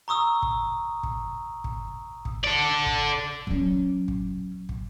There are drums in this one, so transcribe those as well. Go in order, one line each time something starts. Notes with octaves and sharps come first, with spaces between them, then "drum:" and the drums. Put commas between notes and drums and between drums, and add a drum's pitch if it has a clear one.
A#5 C#6 D#6 E6
drum: kick
drum: kick
drum: kick
drum: kick
A4 D5
drum: kick
F#3 C#4, drum: kick
drum: kick
drum: kick